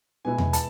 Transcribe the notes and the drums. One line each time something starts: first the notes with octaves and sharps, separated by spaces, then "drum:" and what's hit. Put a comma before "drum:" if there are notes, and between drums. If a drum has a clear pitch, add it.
B2 G#3 B3 E4 G#5
drum: tom E2
A5, drum: hi-hat